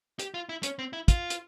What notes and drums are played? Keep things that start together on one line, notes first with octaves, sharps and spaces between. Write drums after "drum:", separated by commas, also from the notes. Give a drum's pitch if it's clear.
G4, drum: hi-hat
F4
E4
C#4, drum: hi-hat
C4
E4
F4, drum: kick, hi-hat
drum: hi-hat